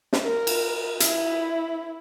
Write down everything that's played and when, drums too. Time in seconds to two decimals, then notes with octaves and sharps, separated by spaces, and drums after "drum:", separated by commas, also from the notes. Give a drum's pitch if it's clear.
0.13 drum: snare
0.23 A#4
0.47 drum: cymbal
1.00 E4, drum: hi-hat